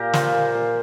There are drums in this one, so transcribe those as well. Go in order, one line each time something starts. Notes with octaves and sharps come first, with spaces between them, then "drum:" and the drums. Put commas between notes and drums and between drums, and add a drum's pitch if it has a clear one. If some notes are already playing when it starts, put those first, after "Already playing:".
Already playing: A#2 G4 A#4
F4 C5, drum: snare
A#2
A#2